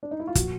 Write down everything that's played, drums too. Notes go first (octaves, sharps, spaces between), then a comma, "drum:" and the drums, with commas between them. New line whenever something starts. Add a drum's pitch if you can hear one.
D4
D#4
E4
F4
A#2 F3 F#4, drum: kick, hi-hat